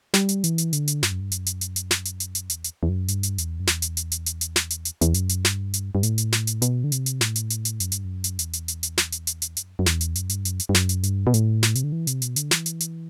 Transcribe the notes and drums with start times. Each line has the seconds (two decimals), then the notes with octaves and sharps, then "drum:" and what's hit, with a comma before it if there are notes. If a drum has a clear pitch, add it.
0.14 G3, drum: snare
0.29 drum: hi-hat
0.44 E3, drum: hi-hat
0.58 drum: hi-hat
0.73 D3, drum: hi-hat
0.88 drum: hi-hat
1.03 G2, drum: snare
1.11 F#2
1.21 G2
1.32 F#2, drum: hi-hat
1.46 drum: hi-hat
1.61 drum: hi-hat
1.76 drum: hi-hat
1.91 drum: snare
2.05 drum: hi-hat
2.20 drum: hi-hat
2.35 drum: hi-hat
2.50 E2, drum: hi-hat
2.64 drum: hi-hat
2.83 E2
2.89 F#2
3.08 G2, drum: hi-hat
3.23 drum: hi-hat
3.38 E2, drum: hi-hat
3.60 F#2
3.67 E2, drum: snare
3.82 drum: hi-hat
3.97 drum: hi-hat
4.12 drum: hi-hat
4.26 drum: hi-hat
4.41 drum: hi-hat
4.56 drum: snare
4.70 drum: hi-hat
4.85 drum: hi-hat
5.01 E2, drum: hi-hat
5.14 F#2, drum: hi-hat
5.29 drum: hi-hat
5.45 G2, drum: snare
5.74 drum: hi-hat
5.95 G2
6.03 A2, drum: hi-hat
6.18 drum: hi-hat
6.32 drum: snare
6.47 drum: hi-hat
6.62 B2, drum: hi-hat
6.84 D3
6.92 C3, drum: hi-hat
7.06 drum: hi-hat
7.21 A2, drum: snare
7.36 drum: hi-hat
7.50 drum: hi-hat
7.65 drum: hi-hat
7.80 F#2, drum: hi-hat
7.92 G2, drum: hi-hat
8.05 F#2
8.24 drum: hi-hat
8.39 E2, drum: hi-hat
8.53 drum: hi-hat
8.68 drum: hi-hat
8.83 drum: hi-hat
8.98 drum: snare
9.12 drum: hi-hat
9.27 drum: hi-hat
9.42 drum: hi-hat
9.57 F#2, drum: hi-hat
9.79 F#2
9.86 E2, drum: snare
10.01 drum: hi-hat
10.15 F#2, drum: hi-hat
10.29 G2, drum: hi-hat
10.45 F#2, drum: hi-hat
10.60 drum: hi-hat
10.69 G2
10.75 F#2, drum: snare
10.89 drum: hi-hat
11.03 G2, drum: hi-hat
11.27 B2
11.34 A2, drum: hi-hat
11.63 drum: snare
11.75 C3, drum: hi-hat
11.84 D3
11.92 E3
12.07 C3, drum: hi-hat
12.22 B2, drum: hi-hat
12.36 D3, drum: hi-hat
12.51 E3, drum: snare
12.66 drum: hi-hat
12.80 drum: hi-hat